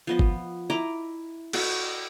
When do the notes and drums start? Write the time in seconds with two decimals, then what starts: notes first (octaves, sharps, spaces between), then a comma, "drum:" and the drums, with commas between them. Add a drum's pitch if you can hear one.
0.07 F3 B3 D#5
0.19 drum: kick
0.70 E4 D#5 A#5 D6
1.53 F#4 A4 B4, drum: cymbal